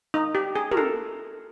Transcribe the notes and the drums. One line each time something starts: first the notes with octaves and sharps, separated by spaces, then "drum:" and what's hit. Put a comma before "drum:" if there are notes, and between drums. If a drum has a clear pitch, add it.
D#4
G4
G#4
A#4, drum: tom
A4